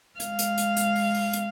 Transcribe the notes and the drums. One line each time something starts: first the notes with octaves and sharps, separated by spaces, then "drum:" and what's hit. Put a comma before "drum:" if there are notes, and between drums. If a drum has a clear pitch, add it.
G#3 F5, drum: hi-hat
drum: hi-hat
drum: hi-hat
drum: hi-hat
drum: open hi-hat
drum: open hi-hat
drum: hi-hat